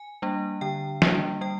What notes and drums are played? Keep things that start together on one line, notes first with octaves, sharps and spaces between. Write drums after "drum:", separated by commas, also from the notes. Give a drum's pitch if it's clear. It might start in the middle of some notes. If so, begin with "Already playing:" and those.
Already playing: G#5
G3 A#3 D4
D3 G5
G3 A#3 D4, drum: snare
G3 G5